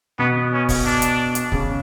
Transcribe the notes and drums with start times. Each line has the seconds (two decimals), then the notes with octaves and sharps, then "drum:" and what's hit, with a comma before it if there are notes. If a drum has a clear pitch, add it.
0.19 B2 B3
0.53 C#4
0.69 drum: kick, open hi-hat
0.85 D4
1.02 drum: hi-hat
1.35 drum: hi-hat
1.52 C#3, drum: kick